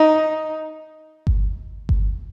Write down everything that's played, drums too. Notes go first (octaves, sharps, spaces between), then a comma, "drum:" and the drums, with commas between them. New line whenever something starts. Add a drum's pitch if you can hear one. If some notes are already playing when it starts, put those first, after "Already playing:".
Already playing: D#4
drum: kick G1
drum: kick G1